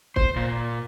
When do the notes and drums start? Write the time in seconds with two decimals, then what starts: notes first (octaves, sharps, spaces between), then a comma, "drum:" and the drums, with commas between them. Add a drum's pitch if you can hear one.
0.16 C5, drum: kick
0.36 A#2